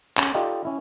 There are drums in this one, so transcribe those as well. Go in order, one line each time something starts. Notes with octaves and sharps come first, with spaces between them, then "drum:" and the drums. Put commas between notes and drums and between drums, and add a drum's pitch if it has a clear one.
C#4, drum: clap
D#4 F4 G4 A4 D5 D#5
C#4 E4